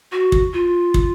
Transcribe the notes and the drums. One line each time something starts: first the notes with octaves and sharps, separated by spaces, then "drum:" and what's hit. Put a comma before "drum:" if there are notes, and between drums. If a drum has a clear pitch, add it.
F#4
drum: kick
F4
drum: kick